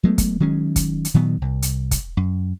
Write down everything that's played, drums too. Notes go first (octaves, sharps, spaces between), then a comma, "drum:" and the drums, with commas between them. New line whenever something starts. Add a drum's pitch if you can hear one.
F#3 G#3 A3 B3
drum: kick, hi-hat
D#3 F#3 G#3 C#4
drum: kick, hi-hat
drum: hi-hat
A#2 D#3 F#3 B3
C2
drum: hi-hat
drum: kick, hi-hat
F#2